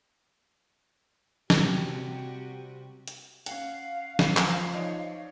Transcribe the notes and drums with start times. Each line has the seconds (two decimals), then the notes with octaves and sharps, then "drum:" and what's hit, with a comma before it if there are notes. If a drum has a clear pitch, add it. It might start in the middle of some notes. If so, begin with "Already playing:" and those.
1.50 C3 G3 F#4, drum: snare
3.08 drum: hi-hat
3.46 C#4 F5 F#5, drum: hi-hat
4.19 drum: snare
4.37 F3 A5 A#5 D6, drum: clap
4.73 D#4 C#5 D5